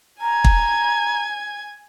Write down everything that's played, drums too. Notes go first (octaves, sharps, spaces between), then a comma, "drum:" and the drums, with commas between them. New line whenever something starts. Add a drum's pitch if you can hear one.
G#5 A#5 G#6
drum: kick